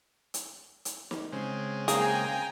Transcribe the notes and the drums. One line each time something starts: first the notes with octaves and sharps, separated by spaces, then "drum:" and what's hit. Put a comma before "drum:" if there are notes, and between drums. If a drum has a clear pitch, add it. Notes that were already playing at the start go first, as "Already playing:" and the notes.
drum: hi-hat
drum: hi-hat
drum: snare
C#3 G#3 C4
A#3 G#4 G5 G#5 A#5, drum: hi-hat